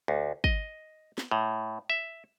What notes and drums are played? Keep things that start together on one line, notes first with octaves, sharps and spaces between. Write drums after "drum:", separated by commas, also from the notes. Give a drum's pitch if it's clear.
D2
D#5, drum: kick
drum: snare
A2
E5